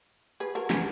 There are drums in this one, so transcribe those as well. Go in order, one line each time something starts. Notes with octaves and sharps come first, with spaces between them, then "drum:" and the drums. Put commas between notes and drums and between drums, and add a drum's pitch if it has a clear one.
G#4 B4
F#4 A#4
G#4 B4, drum: snare